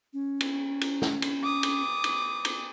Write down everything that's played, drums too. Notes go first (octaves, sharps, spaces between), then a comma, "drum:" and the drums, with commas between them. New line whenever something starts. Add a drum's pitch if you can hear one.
C#4
drum: cymbal
drum: cymbal
drum: snare
drum: cymbal
D6 D#6
drum: cymbal
drum: cymbal
drum: cymbal